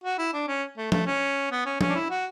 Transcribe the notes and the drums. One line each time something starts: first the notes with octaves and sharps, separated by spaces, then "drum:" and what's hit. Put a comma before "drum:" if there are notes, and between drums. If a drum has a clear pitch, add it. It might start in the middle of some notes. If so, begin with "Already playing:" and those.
F#4
E4
D4
C#4
A3
A3, drum: tom F3
C#4
B3
C#4
C#4, drum: tom F3
D4
E4
F#4